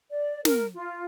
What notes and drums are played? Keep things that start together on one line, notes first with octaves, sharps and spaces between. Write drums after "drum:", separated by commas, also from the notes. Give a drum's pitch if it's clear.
D5
A#4, drum: snare
F4